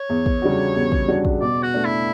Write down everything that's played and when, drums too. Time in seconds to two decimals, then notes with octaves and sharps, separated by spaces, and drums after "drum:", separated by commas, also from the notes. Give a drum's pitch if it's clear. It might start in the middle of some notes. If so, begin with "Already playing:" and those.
Already playing: C#5
0.09 E2
0.26 drum: kick
0.42 C#3 G3 D4 F#4
0.75 E2
0.92 drum: kick
1.08 C#3 G3 D4 F#4
1.25 drum: kick
1.41 B2 D5
1.63 F#4
1.74 A3 D4
1.85 E4